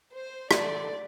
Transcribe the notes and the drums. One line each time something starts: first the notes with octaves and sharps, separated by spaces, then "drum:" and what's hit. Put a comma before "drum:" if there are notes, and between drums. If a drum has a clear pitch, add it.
C5
A3 D4 A4 D5, drum: rim click